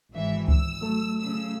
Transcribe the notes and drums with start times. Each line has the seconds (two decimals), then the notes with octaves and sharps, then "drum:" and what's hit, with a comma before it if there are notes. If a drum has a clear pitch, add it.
0.12 G#1 E3 E5
0.48 E6, drum: kick C#2
0.81 F#3 A3 A4
1.20 C#3 E6